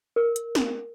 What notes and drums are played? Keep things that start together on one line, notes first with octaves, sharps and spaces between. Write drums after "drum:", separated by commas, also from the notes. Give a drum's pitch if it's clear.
A#4
drum: hi-hat
drum: snare